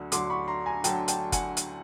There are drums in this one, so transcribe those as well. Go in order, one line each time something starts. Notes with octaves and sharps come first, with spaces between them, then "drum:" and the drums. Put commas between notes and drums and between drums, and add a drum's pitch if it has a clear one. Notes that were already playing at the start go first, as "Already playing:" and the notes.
Already playing: D2 D3 F#3
D2 D3 F#3 C6 D6, drum: hi-hat
B5 C#6
A#5 C6
G#5 A#5
D2 D3 F#3 G5 A5, drum: hi-hat
G5 A5, drum: hi-hat
F#5 G#5, drum: kick, hi-hat
drum: hi-hat